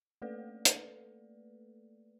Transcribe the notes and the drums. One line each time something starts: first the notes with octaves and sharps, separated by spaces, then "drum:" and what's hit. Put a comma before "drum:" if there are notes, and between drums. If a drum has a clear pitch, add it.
A3 A#3 A4 B4 D5
drum: hi-hat